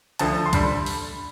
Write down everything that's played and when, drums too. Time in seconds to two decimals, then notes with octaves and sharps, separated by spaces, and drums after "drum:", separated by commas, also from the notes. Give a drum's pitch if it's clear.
0.19 D2 D3 F3 A5, drum: hi-hat
0.46 C6
0.53 D3 G3 B5, drum: kick, hi-hat
0.86 drum: open hi-hat